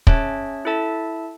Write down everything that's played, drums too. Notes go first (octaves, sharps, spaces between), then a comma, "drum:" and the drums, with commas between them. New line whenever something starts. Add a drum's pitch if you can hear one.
C#4 G#4 C#5 E5 A5, drum: kick
E4 A4 E5 A5